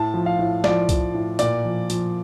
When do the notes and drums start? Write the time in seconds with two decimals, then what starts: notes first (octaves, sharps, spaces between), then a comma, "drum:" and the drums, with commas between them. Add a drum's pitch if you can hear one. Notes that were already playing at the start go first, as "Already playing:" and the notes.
Already playing: A2 A5
0.14 F3
0.26 F5
0.39 A2
0.64 F3 D5, drum: snare
0.89 F3, drum: kick C2, hi-hat
1.14 A2
1.39 A#2 D5, drum: hi-hat
1.65 F3
1.90 F3, drum: hi-hat